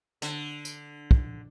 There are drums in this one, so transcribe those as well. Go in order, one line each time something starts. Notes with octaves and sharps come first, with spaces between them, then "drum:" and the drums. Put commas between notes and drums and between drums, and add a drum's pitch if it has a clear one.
D3, drum: hi-hat
drum: tambourine
drum: kick